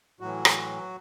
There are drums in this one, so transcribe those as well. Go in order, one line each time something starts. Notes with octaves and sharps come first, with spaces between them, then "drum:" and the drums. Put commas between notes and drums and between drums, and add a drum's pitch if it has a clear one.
A2 E3 F#3 F#4
drum: rim click